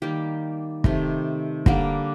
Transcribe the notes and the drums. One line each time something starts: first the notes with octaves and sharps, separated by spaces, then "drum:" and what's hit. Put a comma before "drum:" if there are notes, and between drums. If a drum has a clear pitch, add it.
D#3 G3 A#3 G4
C3 D#3 A3, drum: kick
D3 G3 A#3, drum: kick